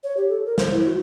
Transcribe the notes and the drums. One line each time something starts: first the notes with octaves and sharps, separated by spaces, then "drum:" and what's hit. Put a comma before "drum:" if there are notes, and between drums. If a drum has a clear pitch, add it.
C#5
G4
A4
A#4
C5, drum: snare
E4
F#4